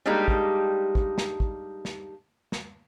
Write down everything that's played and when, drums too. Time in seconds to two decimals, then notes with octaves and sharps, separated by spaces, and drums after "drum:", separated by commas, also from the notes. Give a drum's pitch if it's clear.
0.06 G3 G#3 A#3 D4 D#4 G4
0.28 drum: kick
0.95 drum: kick
1.18 drum: snare
1.40 drum: kick
1.85 drum: snare
2.52 drum: snare